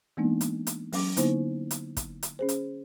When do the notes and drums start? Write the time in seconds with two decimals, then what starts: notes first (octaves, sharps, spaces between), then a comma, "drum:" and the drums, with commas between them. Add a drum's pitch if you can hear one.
0.17 E3 G#3 A#3 B3 D4 D#4
0.41 drum: hi-hat
0.67 drum: hi-hat
0.93 F#3 C#4 D6, drum: open hi-hat
1.17 D3 A#3 B3 D#4 E4 C5, drum: hi-hat
1.71 drum: hi-hat
1.97 drum: kick, hi-hat
2.23 drum: hi-hat
2.39 C#4 G#4 C5
2.49 drum: hi-hat